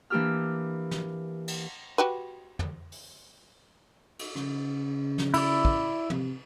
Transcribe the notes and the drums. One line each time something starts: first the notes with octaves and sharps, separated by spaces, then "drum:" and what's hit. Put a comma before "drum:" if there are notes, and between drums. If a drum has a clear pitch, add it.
E3 A#3 D4 G4 E6 F6
drum: snare
drum: cymbal
F#4 G4 B4
drum: tom
drum: open hi-hat
drum: cymbal
C#3, drum: rim click
drum: snare
E4 D5, drum: cymbal
drum: kick
C3, drum: tom